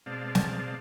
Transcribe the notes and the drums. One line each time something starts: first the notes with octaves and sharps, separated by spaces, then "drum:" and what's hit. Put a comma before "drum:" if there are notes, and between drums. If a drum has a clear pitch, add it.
B2 G#3 C4 D5 F5 A5
drum: snare